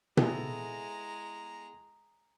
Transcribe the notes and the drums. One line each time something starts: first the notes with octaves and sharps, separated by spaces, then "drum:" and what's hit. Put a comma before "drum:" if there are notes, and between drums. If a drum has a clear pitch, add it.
G#3 B3 E4 G#4 A4 A#5, drum: tom B2